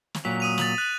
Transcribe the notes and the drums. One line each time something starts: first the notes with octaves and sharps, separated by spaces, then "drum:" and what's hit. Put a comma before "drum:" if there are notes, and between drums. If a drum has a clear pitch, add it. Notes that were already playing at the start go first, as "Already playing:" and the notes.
drum: snare
A#2 F#3 B6
D#6 D#7 F7
A6 F7 F#7, drum: snare
F#6 F#7